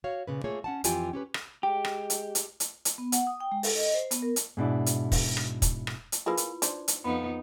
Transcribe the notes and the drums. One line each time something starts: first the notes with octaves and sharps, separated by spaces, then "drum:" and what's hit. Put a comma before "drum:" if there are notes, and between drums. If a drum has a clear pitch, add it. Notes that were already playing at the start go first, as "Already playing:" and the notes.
F#4 C#5 F5
A#2 C#3 B4
A3 A#3 F4 G#4 C#5
C#4 F#5 A5
F2 E3 F4 G4 G5 G#5, drum: hi-hat
C#4 G4 B4
drum: rim click
G#3 G4 G5
drum: rim click
drum: hi-hat
drum: hi-hat
drum: hi-hat
drum: hi-hat
B3
F#5, drum: hi-hat
D#6
G5
G#3
A4, drum: open hi-hat
D#5
C5
B3, drum: hi-hat
A#4
drum: hi-hat
G#2 B2 D4 E4
drum: hi-hat
drum: kick, open hi-hat
drum: rim click
drum: kick, hi-hat
drum: rim click
drum: hi-hat
A#3 E4 F4 G#4 B4
drum: hi-hat
D4 D#4 C5, drum: hi-hat
drum: hi-hat
F2 B3 D#4 B5